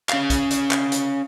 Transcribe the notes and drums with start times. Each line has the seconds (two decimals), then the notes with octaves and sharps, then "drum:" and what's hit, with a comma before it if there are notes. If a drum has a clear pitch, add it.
0.09 C#4 F5, drum: clap
0.30 drum: kick B1, hi-hat
0.51 drum: hi-hat
0.71 drum: clap
0.92 drum: hi-hat